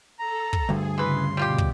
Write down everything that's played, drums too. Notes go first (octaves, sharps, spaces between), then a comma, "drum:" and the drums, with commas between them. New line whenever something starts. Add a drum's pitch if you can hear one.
A4 A#5
drum: kick
D2 G2 G#4
C#3 E3 B4 C6
B2 G3 F4 G4
drum: kick